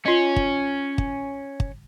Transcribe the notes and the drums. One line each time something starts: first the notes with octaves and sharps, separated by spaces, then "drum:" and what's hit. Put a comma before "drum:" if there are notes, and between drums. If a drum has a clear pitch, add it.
C#4 F4 D#5
drum: kick
drum: kick
drum: kick